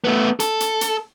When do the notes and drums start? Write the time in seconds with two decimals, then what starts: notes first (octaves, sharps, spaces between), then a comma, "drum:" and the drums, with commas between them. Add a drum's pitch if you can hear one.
0.04 A3 B3
0.40 A4, drum: hi-hat
0.60 drum: hi-hat
0.81 drum: hi-hat